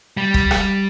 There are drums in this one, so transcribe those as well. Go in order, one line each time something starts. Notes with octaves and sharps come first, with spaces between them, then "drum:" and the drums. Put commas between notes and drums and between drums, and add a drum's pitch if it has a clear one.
G3
drum: kick
drum: rim click